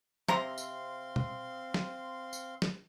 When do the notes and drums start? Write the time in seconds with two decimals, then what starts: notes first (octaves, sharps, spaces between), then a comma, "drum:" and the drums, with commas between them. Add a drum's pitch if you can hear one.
0.28 C3 C4 F5 A#5 C6, drum: snare
0.58 drum: tambourine
1.16 drum: tom B2
1.74 drum: snare
2.33 drum: tambourine
2.62 drum: snare